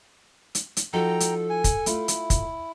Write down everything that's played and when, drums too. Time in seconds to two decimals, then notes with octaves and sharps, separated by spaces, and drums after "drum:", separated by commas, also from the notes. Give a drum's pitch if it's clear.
0.55 drum: hi-hat
0.77 drum: hi-hat
0.93 F3 D#4 F#4 A4 G5 A#5
1.20 drum: hi-hat
1.50 G#5
1.64 drum: kick, hi-hat
1.86 A3 E4 F4, drum: hi-hat
2.08 drum: hi-hat
2.30 drum: kick, hi-hat